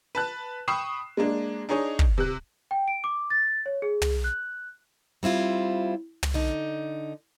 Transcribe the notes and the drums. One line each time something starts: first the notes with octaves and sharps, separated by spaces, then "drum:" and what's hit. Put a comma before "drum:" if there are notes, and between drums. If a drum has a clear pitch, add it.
B4 A5 F#6
G5 B5 C#6 D#6 C7 E7
G#3 A#3 D4
D4 D#4 G#4 C#5 D#5
drum: kick
C3 F#6
G5
D7
D6
A6
C#5
G#4
drum: tom
F#6
G3 C4 E4 F4
drum: tom
D3 D#4